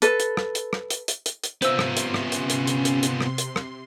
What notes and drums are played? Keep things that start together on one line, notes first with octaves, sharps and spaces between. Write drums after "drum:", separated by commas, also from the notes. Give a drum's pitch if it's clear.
A4 B4, drum: hi-hat
drum: hi-hat
drum: rim click
drum: hi-hat
drum: rim click
drum: hi-hat
drum: hi-hat
drum: hi-hat
drum: hi-hat
C3 B3 C#4 F4 C5 E5 C6 E6, drum: hi-hat
drum: rim click
drum: hi-hat
drum: rim click
drum: hi-hat
drum: hi-hat
drum: hi-hat
drum: hi-hat
drum: hi-hat
drum: rim click
drum: hi-hat
drum: rim click